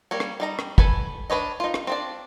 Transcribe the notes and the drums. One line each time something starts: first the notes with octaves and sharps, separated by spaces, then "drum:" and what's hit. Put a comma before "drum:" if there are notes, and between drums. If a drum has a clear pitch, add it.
G3 A#3 C#5
drum: rim click
G3 D#4 A#5
drum: rim click
A4 B4 G#5 B5, drum: kick
D4 B4 C#5 D#5
D#4 F4
drum: rim click
C4 D4 D5